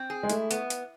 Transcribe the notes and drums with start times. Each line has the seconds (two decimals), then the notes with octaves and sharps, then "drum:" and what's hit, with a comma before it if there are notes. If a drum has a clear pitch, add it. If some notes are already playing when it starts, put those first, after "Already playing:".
Already playing: C4
0.10 G#4
0.23 G#3
0.30 A3 E4, drum: hi-hat
0.51 B3, drum: hi-hat
0.70 drum: hi-hat